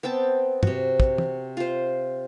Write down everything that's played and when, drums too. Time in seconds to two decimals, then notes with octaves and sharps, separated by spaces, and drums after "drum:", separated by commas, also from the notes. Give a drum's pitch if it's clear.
0.03 B3 C4 G5 A5
0.63 C3 F#4, drum: tom
1.00 drum: kick
1.18 drum: tom
1.57 F4 C5